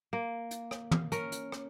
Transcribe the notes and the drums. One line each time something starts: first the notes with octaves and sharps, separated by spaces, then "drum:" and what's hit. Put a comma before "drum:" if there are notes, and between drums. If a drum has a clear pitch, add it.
A#3
drum: hi-hat
drum: rim click
drum: tom
C#4 A#4, drum: hi-hat
drum: hi-hat
drum: rim click